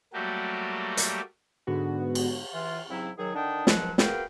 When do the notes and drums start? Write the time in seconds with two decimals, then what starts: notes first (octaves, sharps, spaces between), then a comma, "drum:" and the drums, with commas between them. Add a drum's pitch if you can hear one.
0.13 F#3 G3 A3 A#3 F#4 G4
0.97 drum: hi-hat
1.67 G#2 D3 B3 F#4
2.15 drum: cymbal
2.53 E3 F4
2.89 G#2 C#3 F#3 C4 E4
3.18 D#3 F#3 G#4
3.34 D3 D#3 D4 D#4 G5 D#6
3.67 C#2 D#3 F3 F#3 G#3 F#5, drum: snare
3.98 F#4 G#4 A#4 B4 F5 G5, drum: snare